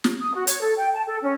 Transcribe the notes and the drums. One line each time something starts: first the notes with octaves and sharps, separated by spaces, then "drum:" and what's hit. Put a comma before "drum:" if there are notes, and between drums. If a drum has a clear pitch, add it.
drum: snare
D#6
F#4
C#5, drum: hi-hat
A4
G5
A5
A4
C#4